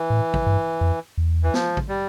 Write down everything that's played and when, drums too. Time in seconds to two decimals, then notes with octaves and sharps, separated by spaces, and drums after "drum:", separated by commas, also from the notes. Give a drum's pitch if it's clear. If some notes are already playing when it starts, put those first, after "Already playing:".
Already playing: E3
0.10 A2
0.34 drum: kick A1
0.46 G2
0.81 F2
1.18 E2
1.43 E3
1.54 F3, drum: snare
1.77 drum: kick A1
1.88 G3